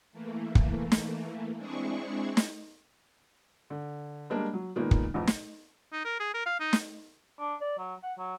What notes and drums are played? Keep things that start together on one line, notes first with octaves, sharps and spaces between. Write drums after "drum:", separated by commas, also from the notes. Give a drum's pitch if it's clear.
E3 A3 A#3
drum: kick
drum: snare
G#3 C4 D4 E4 G#4 C#6
drum: snare
D3
G3 G#3 A#3 D4
F#3
A#2 D#3 G#3 A#3 B3
drum: kick
A1 F2
drum: snare
D#4
A#4
G#4
A#4
F5
D#4
drum: snare
D4
D5
F#3
F#5
F#3